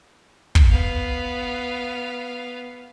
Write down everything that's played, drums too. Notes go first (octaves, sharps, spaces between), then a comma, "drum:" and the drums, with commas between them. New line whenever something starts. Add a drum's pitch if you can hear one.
drum: kick
B3 F5